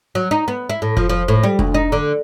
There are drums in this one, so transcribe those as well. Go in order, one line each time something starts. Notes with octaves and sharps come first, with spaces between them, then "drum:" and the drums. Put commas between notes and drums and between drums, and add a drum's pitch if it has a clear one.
F#3
D#4
B3
E4
A2
F3, drum: kick F1
F3
A2
G3
D2, drum: kick F1
D#4
D3